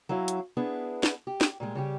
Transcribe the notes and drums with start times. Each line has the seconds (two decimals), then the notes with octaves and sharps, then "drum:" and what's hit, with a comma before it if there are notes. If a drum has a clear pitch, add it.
0.09 F#3 C#4 E4 F5
0.28 drum: hi-hat
0.57 B3 D4 E4 G#4 B4
1.03 drum: snare
1.27 G4
1.41 drum: snare
1.60 A#2 G3 G#3
1.75 C#3 G3 G4